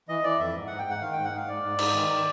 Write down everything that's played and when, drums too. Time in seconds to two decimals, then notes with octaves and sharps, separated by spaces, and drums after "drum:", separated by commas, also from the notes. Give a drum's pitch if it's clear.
0.09 E3 D#5
0.24 E3 D5
0.39 F2 E5
0.54 G#2
0.67 G#2 F#5
0.78 G5
0.85 G#2 F#5
1.01 D#3 F5
1.13 G#2 G5
1.24 F#5
1.33 G#2 F5
1.48 G#2 D5
1.63 G#2
1.79 G#2, drum: cymbal
1.95 D#3
2.10 D#3